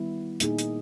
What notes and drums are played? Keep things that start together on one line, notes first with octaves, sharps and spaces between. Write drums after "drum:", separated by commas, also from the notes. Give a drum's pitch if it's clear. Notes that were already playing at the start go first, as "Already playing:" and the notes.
Already playing: D#3 G3 B3 E4
A#2 A#3 D#4 G#4, drum: hi-hat
drum: hi-hat